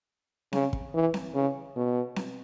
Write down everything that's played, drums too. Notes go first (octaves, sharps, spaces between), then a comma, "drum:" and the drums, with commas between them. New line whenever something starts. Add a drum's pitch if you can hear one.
C#3, drum: snare C4
drum: kick
E3
drum: snare C4
C#3
B2
drum: snare C4